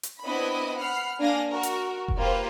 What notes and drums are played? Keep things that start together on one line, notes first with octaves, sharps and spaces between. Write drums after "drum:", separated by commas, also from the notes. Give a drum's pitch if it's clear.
drum: hi-hat
B3 C4 D4 E4 D#5 B5
F#5 B5 F6 C7
A#3 D4 F5 G#5 A#6
F#4 A#4
drum: hi-hat
drum: kick F1
A#3 F4 G4 B4 C5